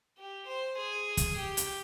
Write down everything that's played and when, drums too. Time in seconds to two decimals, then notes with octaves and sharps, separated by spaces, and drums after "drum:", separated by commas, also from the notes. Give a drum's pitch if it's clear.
0.18 G4
0.47 C5
0.78 G#4
1.17 drum: kick, hi-hat
1.38 G4
1.57 drum: hi-hat